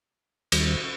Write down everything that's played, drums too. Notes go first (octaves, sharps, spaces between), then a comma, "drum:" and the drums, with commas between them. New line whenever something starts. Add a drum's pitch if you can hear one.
D#2 D#3 G3, drum: cymbal